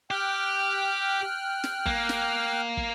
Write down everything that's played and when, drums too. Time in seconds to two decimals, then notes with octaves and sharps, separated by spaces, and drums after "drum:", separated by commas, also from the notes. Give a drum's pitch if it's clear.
0.11 G4 G5 F6 F#6
1.64 drum: snare
1.86 A#3, drum: kick
2.09 drum: snare
2.77 drum: kick